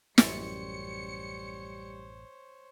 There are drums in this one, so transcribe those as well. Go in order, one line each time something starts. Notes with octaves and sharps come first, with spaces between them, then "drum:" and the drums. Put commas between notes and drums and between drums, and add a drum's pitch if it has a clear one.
A1 F#2 G3 C5 C#5 C#7, drum: snare